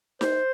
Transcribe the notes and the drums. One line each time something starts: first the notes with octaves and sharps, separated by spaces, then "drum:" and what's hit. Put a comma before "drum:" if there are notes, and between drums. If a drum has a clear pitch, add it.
C5, drum: snare D#4